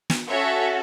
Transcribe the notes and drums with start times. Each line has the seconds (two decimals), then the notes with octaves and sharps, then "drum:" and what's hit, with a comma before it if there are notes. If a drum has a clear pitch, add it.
0.10 drum: snare
0.30 C#4 F#4 A4 C#5 E5